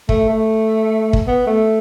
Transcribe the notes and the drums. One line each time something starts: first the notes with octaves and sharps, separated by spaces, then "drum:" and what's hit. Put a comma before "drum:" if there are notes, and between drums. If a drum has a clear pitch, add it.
A3, drum: kick
A3
drum: kick
B3
A3